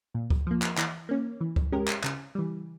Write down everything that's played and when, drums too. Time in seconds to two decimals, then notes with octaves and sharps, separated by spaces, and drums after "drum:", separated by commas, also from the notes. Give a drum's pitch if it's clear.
0.14 A#2
0.30 drum: kick C#2
0.47 F3 A#3
0.62 drum: clap
0.78 E3, drum: clap
1.09 A#3 C#4
1.41 E3
1.56 drum: kick C#2
1.72 G#3 C#4 G4 A#4
1.88 drum: clap
2.04 C#3, drum: clap
2.35 E3 G3